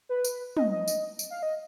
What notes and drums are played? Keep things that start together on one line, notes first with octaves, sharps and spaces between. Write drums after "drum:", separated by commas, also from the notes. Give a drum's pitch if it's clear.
B4
drum: tambourine
D#5, drum: tom
D#5
drum: tambourine
drum: tambourine
F5
D#5